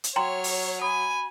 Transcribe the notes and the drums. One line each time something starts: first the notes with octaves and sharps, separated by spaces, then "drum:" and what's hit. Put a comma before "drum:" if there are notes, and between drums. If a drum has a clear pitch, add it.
drum: hi-hat
F#3 C#5 G5 A#5 C6 F6
drum: open hi-hat
G#5 B5 D#6